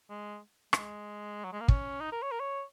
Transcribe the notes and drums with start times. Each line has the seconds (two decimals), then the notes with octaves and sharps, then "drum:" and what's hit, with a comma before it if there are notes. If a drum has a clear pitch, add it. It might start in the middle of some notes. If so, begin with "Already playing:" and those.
0.10 G#3
0.73 G#3, drum: rim click
1.44 F#3
1.53 G#3
1.60 A#3
1.68 C#4, drum: kick
2.00 D#4
2.12 A#4
2.22 C#5
2.31 A#4
2.40 C#5